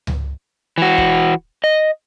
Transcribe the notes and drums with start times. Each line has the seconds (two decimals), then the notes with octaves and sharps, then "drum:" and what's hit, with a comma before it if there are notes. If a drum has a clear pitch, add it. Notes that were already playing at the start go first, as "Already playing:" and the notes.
0.07 drum: tom C#2
0.78 E3 F#4
0.98 drum: kick
1.64 D#5